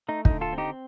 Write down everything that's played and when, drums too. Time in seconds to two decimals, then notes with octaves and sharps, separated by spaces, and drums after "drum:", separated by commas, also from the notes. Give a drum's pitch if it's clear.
0.08 A3 D#4
0.25 D#4, drum: kick
0.30 D3
0.41 F4 A4
0.53 C4
0.58 D#4 G4